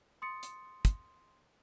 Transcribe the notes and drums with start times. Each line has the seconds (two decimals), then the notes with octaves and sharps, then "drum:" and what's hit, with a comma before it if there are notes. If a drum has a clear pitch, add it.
0.22 C6 D#6 A6 C#7
0.43 drum: hi-hat
0.85 drum: kick, hi-hat